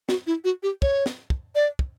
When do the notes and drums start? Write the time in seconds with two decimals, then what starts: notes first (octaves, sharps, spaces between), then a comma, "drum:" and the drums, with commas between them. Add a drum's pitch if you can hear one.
0.09 F#4, drum: snare
0.27 E4
0.44 F#4
0.63 G4
0.82 C#5, drum: kick
1.06 drum: snare
1.30 drum: kick
1.55 D5
1.79 drum: kick